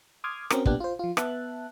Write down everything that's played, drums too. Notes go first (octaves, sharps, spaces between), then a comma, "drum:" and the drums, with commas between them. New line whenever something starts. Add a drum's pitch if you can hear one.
C6 D6 D#6 F6 G#6
C4 C#4 F#4 A#4, drum: rim click
B1 A#2 B3 D4 G4 F#6, drum: kick
F4 C5
F3 F4
B3 E5 A5 F#6, drum: rim click